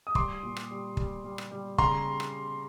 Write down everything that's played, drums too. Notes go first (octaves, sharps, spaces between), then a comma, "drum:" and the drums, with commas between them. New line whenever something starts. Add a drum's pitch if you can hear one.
D#6
G3 C6 D6, drum: kick
A#2
drum: rim click
G3
G3, drum: kick
G3
drum: rim click
G3
C#3 A#5 C6, drum: kick
drum: rim click